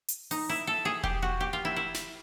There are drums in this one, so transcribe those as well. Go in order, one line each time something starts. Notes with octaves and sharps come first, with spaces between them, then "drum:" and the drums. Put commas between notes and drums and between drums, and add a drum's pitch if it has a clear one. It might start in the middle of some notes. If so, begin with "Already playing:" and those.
drum: hi-hat
D#4, drum: open hi-hat
E4
A4
G#4
G4, drum: kick E1
F#4
G4
F4
E4
E4
drum: snare